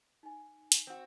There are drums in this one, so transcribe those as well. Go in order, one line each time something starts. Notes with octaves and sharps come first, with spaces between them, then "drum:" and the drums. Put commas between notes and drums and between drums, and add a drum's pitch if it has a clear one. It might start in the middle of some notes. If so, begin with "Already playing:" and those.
D#4 G#5
drum: hi-hat
C4 F#4